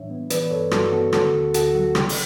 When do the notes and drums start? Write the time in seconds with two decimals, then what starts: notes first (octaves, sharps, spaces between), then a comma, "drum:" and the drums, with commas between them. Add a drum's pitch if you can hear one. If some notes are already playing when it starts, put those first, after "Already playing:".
Already playing: A2 E3 G3 D4 C#5 E5
0.10 B3
0.30 E3 B4 D5, drum: hi-hat
0.51 G2 A4 C#5
0.71 G2 F#4 A4, drum: rim click
0.92 B3 F#4 A4
1.13 D3 F#4 A4, drum: rim click
1.34 D2
1.54 D2 F#4 A4, drum: hi-hat
1.75 F#3 F#4
1.95 C#3 G4, drum: rim click
2.09 drum: open hi-hat